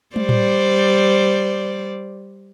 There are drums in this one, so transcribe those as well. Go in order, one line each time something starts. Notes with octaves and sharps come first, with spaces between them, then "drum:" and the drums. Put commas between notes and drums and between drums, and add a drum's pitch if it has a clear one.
G3 C5 D5, drum: tom
drum: tom A2